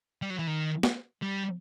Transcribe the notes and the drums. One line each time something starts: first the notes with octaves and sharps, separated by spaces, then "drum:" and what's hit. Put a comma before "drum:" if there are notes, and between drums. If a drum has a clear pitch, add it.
G3
F#3
E3
D#3
drum: snare
G3